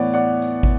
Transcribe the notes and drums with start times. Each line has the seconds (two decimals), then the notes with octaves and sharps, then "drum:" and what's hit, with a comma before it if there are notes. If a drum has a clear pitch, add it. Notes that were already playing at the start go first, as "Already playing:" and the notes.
Already playing: A2 E3 B3 C#5 D5 F#5
0.14 D5 F#5
0.42 drum: tambourine
0.63 drum: kick